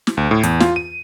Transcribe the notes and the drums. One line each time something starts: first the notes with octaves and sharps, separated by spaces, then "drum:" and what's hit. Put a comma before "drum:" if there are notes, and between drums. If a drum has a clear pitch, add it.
drum: snare
D2
A2
E2, drum: hi-hat
F4, drum: snare
D#7